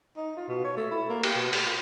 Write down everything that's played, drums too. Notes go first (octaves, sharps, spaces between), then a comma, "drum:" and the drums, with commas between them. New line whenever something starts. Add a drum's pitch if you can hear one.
D#4
F4
B2
C#5
A3
E4
A#3
G4, drum: cymbal
B2
A3, drum: open hi-hat
F4